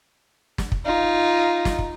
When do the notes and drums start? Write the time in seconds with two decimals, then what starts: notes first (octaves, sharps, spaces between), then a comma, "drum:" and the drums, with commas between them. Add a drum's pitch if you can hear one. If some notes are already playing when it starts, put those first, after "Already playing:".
0.58 drum: snare
0.72 drum: kick
0.85 D#4 F4
1.65 drum: snare
1.79 drum: kick